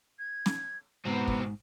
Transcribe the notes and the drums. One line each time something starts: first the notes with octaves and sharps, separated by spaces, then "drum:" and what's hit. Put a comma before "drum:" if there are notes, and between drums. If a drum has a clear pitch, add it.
G#6
drum: snare
G#2 B2 B3 C4 A#5
drum: kick